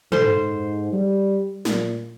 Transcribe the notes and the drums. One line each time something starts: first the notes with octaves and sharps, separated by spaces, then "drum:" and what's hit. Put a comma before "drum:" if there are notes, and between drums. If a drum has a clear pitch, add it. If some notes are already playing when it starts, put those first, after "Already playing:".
G#2 A4 C5 C6, drum: tom
G3
A#2, drum: snare